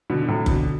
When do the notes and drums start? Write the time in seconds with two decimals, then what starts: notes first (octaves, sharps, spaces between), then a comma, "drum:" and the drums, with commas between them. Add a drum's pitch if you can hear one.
0.10 B2 D3
0.22 D3
0.28 A2 C3
0.46 B2 D3, drum: kick F#1